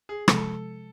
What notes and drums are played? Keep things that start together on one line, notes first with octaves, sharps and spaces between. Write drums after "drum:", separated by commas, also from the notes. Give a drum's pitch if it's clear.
G#4
C3 F3 G#3 A4, drum: rim click